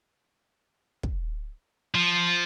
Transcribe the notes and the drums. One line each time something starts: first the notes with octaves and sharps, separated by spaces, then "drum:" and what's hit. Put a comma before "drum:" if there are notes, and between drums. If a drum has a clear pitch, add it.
drum: kick
F3